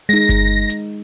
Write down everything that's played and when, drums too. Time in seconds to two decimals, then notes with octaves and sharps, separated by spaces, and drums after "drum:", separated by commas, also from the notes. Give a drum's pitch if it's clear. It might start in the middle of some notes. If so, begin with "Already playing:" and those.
0.09 G#3 D#4 A#6
0.29 drum: kick G1, hi-hat
0.69 drum: hi-hat